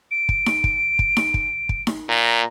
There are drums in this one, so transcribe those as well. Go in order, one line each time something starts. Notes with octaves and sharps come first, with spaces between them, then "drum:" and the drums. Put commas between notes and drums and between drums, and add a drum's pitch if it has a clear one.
D7
drum: kick
drum: snare D#4
drum: kick
drum: kick
drum: snare D#4
drum: kick
drum: kick
drum: snare D#4
A#2 A#5